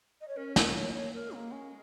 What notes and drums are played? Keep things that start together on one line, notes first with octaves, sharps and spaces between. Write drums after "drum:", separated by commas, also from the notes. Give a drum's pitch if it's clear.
D#5
C#5
C#4 A#4
A#4, drum: snare
A#3 C#5
D#5
C#5
G#3 A#4
A#3
C#4